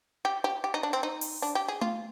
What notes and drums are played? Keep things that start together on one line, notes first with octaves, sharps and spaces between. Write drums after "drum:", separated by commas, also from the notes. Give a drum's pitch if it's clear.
G4
G4
G4
D#4
D4
C4
D#4
drum: open hi-hat
D4
G4
G#4
F4, drum: tom A3